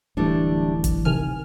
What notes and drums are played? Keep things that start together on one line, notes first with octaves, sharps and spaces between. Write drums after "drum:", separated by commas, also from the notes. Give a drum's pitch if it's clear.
D1 E3 G3 A3 D4
drum: kick G#1, hi-hat
C3 D#3 G#5 F6